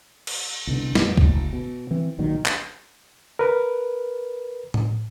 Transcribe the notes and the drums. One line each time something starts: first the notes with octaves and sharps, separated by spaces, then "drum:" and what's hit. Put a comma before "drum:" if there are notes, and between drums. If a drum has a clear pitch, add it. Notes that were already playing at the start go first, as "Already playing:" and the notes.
drum: cymbal
C2 B2 D3
F2 A#2 F#3 B3, drum: snare
F#1 D2, drum: kick C2
B2
E3 C4
B1 A#2 D#3 F#3
drum: clap
A#4 B4
drum: tom A2